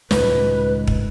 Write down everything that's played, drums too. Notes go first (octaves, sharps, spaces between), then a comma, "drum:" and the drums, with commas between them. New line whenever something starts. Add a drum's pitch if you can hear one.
C#2 A2 D#3 B4, drum: snare
drum: kick